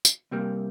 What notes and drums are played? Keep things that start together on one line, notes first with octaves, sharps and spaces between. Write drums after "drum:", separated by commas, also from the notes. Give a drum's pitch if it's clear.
drum: tambourine
C2 C3 G3 A#3